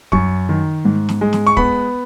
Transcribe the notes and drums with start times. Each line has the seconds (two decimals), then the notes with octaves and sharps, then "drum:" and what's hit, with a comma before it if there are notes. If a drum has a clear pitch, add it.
0.12 F#2 C#6, drum: kick
0.49 D#3
0.85 G#2
1.09 drum: snare
1.21 G#3
1.33 drum: snare
1.47 C#6
1.57 B3 B5, drum: kick